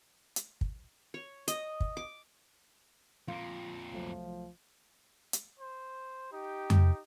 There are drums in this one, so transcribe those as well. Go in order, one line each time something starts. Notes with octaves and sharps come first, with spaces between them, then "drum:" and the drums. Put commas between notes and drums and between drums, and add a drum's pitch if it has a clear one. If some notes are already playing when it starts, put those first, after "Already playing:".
drum: hi-hat
drum: kick
C#5
D#5, drum: hi-hat
drum: kick
D6
F2 A#3 F4
C2 F3 F#3 A3
drum: hi-hat
C5
D#4 G4
drum: tom F2